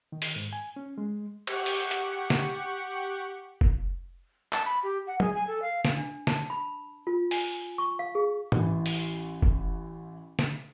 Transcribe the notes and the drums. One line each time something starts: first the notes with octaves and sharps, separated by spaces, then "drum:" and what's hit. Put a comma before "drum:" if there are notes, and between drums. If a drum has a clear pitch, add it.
D#3
drum: open hi-hat
G#2
G#5
C#4
G#3
G4 F#5 C#6, drum: cymbal
drum: open hi-hat
drum: hi-hat
drum: snare
drum: kick
A5, drum: clap
B5
G4
F#5
G#4, drum: tom
G#5
A4
F5
drum: snare
D4
A5, drum: snare
B5
F4
G#5, drum: open hi-hat
C#6
F5
G#4
A1 E3, drum: tom
drum: open hi-hat
drum: kick
drum: snare